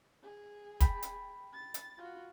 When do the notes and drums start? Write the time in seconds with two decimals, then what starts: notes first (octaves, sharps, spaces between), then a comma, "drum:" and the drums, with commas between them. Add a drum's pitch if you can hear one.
0.23 G#4
0.80 G5 B5, drum: kick, hi-hat
1.02 drum: hi-hat
1.54 A6
1.74 drum: hi-hat
1.98 F4 F#4